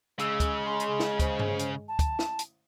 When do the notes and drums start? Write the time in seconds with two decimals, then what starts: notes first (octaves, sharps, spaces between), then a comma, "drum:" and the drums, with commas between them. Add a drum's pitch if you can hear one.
0.19 C#3 G#3 E6, drum: hi-hat
0.40 drum: kick, hi-hat
0.65 C6
0.80 drum: hi-hat
1.00 drum: snare
1.19 C5, drum: kick, hi-hat
1.39 drum: tom G2
1.59 drum: hi-hat
1.88 A5
1.99 drum: kick, hi-hat
2.19 drum: snare
2.39 drum: hi-hat